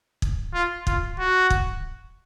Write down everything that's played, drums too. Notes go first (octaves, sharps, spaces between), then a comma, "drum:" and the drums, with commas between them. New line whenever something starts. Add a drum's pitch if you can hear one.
drum: kick
F4
F4, drum: kick
F#4
drum: kick